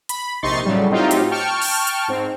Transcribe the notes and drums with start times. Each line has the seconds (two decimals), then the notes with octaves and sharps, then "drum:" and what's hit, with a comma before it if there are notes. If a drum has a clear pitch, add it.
0.09 B5, drum: hi-hat
0.42 A#1 C3 D#4 C6 C#6 A6
0.65 A2 C#3 F#3 G3
0.89 A2 F#3 C4 D#4 F4 G4
1.11 drum: hi-hat
1.31 G5 A5 C#6 F6
1.62 drum: open hi-hat
1.87 drum: hi-hat
2.08 G#2 C4